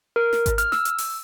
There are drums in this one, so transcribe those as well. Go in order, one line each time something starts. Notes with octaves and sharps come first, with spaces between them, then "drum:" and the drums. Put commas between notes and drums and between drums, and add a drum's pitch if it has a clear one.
A#4
drum: snare
drum: kick G#1, hi-hat
F6, drum: hi-hat
E6, drum: snare
drum: hi-hat
drum: open hi-hat